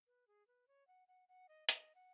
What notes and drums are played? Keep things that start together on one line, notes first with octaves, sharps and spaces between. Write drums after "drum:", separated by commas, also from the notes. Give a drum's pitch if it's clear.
B4
G#4
B4
C#5
F#5
F#5
F#5
D#5
D#5, drum: hi-hat
F#5